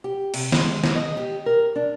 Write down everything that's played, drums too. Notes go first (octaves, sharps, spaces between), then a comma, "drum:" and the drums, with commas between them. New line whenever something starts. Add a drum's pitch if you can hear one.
G4
C3, drum: cymbal
G#3, drum: snare
drum: snare
D#5
G4
A#4
D4